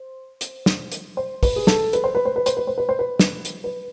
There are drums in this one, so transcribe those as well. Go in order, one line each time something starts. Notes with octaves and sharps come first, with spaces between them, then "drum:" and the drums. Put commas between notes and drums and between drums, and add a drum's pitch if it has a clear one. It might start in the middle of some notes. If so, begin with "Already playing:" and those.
Already playing: C5
drum: hi-hat
drum: snare
drum: hi-hat
C5
B4, drum: kick, open hi-hat
G#4
A4, drum: snare
B4, drum: hi-hat
C5
B4
C5
B4
C5, drum: hi-hat
B4
C5
B4
C5
B4
drum: snare
drum: hi-hat
B4